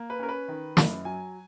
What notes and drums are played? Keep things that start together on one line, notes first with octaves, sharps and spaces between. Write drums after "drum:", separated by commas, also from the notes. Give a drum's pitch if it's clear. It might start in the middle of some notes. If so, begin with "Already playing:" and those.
Already playing: A#3
B4
C#4 A#4
B4
D#3
F#2, drum: snare
F#3 G#5